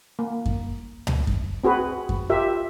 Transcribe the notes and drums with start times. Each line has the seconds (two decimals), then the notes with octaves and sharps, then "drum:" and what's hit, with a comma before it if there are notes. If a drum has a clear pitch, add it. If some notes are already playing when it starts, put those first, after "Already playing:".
0.19 A#3
0.46 drum: kick F#2
1.07 drum: tom C#2
1.27 drum: kick F#2
1.64 C4 F#4 G#4 B4
2.09 drum: kick F#2
2.29 F4 G4 A#4 E5